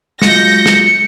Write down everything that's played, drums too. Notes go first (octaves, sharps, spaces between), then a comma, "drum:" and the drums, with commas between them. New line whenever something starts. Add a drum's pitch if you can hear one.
F#3 G#3 F4 G6 A#6 C#7, drum: snare
drum: snare